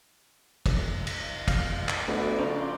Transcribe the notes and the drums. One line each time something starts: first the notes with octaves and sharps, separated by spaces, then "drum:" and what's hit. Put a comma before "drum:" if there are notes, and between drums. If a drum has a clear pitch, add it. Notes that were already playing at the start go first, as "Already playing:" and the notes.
drum: kick, cymbal
drum: cymbal
F5 F6, drum: kick, cymbal
drum: clap
D2 D3 A3 B3 D#5
F#4 D5 D7
C#3 F3 G#4 C5 A#5
C6 D6